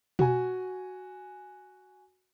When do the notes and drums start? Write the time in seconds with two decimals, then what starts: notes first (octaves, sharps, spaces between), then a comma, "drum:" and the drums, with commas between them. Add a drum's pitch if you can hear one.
0.19 F#4 G#5, drum: tom B2